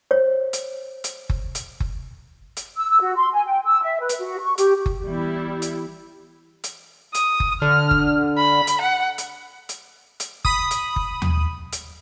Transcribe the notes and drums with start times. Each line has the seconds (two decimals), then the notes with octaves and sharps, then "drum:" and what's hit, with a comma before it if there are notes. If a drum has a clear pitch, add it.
0.11 C5 C#5
0.53 drum: hi-hat
1.04 drum: hi-hat
1.30 drum: kick F#1
1.55 drum: hi-hat
1.80 drum: kick F#1
2.57 drum: hi-hat
2.77 E6
2.90 E6
3.01 F#4
3.16 C6
3.33 G#5
3.45 G5
3.65 E6
3.82 E5
4.00 B4
4.09 drum: hi-hat
4.19 F#4
4.39 C#6
4.58 G4, drum: hi-hat
4.86 drum: kick F#1
5.07 E3 G3 B3 E4
5.62 drum: hi-hat
6.64 drum: hi-hat
7.15 D#6, drum: hi-hat
7.40 drum: kick F#1
7.62 D3 F6
7.91 drum: kick F#1
8.38 B5
8.67 drum: hi-hat
8.82 F#5
9.18 drum: hi-hat
9.69 drum: hi-hat
10.20 drum: hi-hat
10.45 B5 D#6, drum: kick F#1
10.71 drum: hi-hat
10.96 drum: kick F#1
11.22 drum: tom
11.73 drum: hi-hat